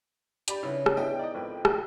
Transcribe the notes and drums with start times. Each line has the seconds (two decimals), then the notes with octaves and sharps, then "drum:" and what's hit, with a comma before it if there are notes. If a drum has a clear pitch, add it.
0.48 D4 G4 D5 B5, drum: hi-hat
0.63 C#3 B3 C#4 D4 E4
0.86 drum: rim click
0.97 B3 D4 E4 G#4 D#5 G5
1.19 D#4 D5 D#5
1.35 G#1 F2 B4
1.65 G5, drum: rim click